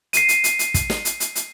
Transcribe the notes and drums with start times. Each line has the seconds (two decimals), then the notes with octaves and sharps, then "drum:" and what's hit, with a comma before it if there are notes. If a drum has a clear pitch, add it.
0.13 C7 D#7, drum: hi-hat
0.28 drum: hi-hat
0.44 drum: hi-hat
0.59 drum: hi-hat
0.74 drum: kick, hi-hat
0.90 drum: snare
1.05 drum: hi-hat
1.20 drum: hi-hat
1.35 drum: hi-hat